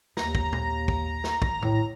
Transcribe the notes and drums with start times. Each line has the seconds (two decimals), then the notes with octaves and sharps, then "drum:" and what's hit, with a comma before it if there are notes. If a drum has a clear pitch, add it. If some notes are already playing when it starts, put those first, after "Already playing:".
0.17 D#2 A#5, drum: snare
0.35 drum: kick
0.52 drum: tom
0.88 drum: kick
1.24 drum: snare
1.42 drum: kick
1.62 A2, drum: tom E2